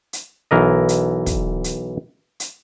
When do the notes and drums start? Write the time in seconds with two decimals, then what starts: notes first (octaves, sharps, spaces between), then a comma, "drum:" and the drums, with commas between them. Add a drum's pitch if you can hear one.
0.13 drum: hi-hat
0.51 B1 E3 A#4 D#5
0.89 drum: hi-hat
1.26 drum: kick, hi-hat
1.64 drum: hi-hat
2.40 drum: hi-hat